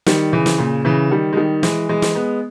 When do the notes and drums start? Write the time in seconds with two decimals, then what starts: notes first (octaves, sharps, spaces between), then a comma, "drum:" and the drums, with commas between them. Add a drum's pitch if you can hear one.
0.06 D#3 G3, drum: snare
0.33 C#3 E3
0.46 drum: snare
0.58 A#2 C#3
0.85 C#3 E3
1.11 D#3 G3
1.33 G#3
1.37 D#3 G3
1.63 E3 G#3, drum: snare
1.89 E3 G#3
2.02 drum: snare
2.15 G#3 B3